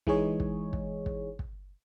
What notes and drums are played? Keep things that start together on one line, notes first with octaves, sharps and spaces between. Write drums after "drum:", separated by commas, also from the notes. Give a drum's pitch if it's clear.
E3 G#3 D#4 G#4 C#5, drum: kick
drum: kick
drum: kick
drum: kick
drum: kick